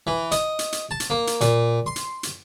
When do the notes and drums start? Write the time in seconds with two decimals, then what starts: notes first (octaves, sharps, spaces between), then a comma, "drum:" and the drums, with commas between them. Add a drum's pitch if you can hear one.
0.07 E3
0.32 D#5, drum: hi-hat
0.59 drum: hi-hat
0.72 drum: hi-hat
0.91 A5
1.00 drum: hi-hat
1.10 A#3
1.27 drum: hi-hat
1.41 A#2, drum: hi-hat
1.86 C6
1.96 drum: hi-hat
2.23 drum: hi-hat